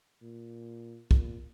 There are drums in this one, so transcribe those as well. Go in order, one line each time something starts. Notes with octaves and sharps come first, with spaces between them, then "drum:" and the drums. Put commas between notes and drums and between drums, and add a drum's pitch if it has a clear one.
A#2
A#2, drum: kick